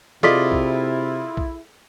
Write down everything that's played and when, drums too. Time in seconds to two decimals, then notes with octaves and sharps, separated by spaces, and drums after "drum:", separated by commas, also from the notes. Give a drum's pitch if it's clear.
0.23 C3 E4 F4 G#4 A4 D5 D#5 B6, drum: snare
0.52 drum: kick B1
1.37 drum: kick B1